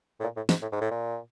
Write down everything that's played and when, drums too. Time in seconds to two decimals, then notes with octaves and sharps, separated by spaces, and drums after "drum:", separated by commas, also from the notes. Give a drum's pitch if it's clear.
0.20 A2
0.23 A#2
0.36 A2
0.49 G#2, drum: snare
0.62 A2
0.72 G#2
0.81 A2
0.91 A#2